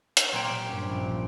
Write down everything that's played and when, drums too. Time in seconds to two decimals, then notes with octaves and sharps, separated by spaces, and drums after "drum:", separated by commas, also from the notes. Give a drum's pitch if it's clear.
0.17 drum: hi-hat
0.33 A#2 F#3 G4 C5 E7
0.69 G2 C#4
0.89 A#1